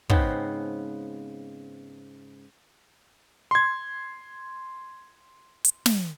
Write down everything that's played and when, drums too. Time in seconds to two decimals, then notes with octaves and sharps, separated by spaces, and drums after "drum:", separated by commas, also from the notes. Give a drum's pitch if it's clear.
0.09 G#2 C#3 B3 C4, drum: kick
3.51 C6 G#6
5.64 drum: hi-hat
5.86 drum: snare